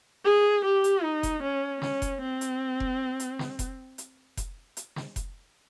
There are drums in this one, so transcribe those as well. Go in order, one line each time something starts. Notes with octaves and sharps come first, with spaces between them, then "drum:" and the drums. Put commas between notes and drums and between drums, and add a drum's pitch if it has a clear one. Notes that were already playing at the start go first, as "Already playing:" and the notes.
G#4
G4
drum: hi-hat
D#4
drum: kick F1, hi-hat
C#4
C#4, drum: snare
drum: kick F1, hi-hat
C4
drum: hi-hat
drum: kick F1
drum: hi-hat
drum: snare
drum: kick F1, hi-hat
drum: hi-hat
drum: kick F1, hi-hat
drum: hi-hat
drum: snare
drum: kick F1, hi-hat